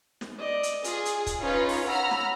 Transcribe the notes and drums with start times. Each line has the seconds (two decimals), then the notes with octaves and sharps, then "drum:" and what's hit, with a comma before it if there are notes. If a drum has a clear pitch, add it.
0.21 drum: snare
0.38 D5 D#5
0.63 drum: hi-hat
0.84 F4 G#4, drum: hi-hat
1.05 drum: hi-hat
1.27 drum: kick, hi-hat
1.40 C#4 D#4 F4 B4 C#5
1.69 drum: open hi-hat
1.87 F#5 A#5 B5 E6 F6
2.11 drum: snare